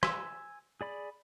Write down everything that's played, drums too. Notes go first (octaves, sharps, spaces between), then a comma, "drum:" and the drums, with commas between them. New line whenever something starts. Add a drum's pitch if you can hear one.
G#5 E6, drum: rim click
G#4 D5 B5